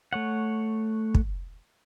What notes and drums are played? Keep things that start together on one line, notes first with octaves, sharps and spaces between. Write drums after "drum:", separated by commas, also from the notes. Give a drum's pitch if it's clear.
A3 C#5 F#5
drum: kick